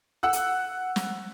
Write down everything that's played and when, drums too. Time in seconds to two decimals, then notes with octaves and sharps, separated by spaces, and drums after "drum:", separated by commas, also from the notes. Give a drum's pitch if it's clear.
0.23 F#5 E6 F#6
0.33 drum: hi-hat
0.96 drum: snare